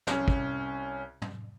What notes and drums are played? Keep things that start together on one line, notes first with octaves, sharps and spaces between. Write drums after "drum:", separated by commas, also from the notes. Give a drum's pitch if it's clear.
C2 C#4, drum: snare
drum: kick
drum: tom